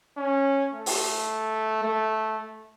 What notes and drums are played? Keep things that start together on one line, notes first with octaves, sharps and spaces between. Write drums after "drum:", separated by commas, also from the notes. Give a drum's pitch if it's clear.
C#4
A3
drum: open hi-hat
A3